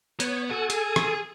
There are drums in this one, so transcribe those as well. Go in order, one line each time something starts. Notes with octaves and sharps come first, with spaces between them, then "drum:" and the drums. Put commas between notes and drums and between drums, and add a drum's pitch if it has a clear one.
B3 C#5, drum: hi-hat
F#4 A4 G#5
G#4, drum: hi-hat
drum: rim click